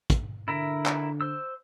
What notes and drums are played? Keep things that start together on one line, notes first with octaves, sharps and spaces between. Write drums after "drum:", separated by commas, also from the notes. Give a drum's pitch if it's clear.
drum: kick, hi-hat
D3 E4 A#4 E5
drum: clap
C5 E6